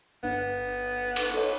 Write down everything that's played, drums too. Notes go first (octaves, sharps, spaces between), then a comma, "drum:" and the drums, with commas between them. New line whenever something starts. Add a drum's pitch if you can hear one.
G1 B3 D4
drum: cymbal
A4 C#5 D#5